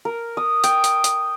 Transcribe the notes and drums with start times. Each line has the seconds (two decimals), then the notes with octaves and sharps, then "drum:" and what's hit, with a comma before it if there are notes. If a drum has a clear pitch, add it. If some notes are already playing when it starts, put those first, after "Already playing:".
0.05 A#4
0.37 D#6
0.64 G5, drum: hi-hat
0.84 drum: hi-hat
1.04 drum: hi-hat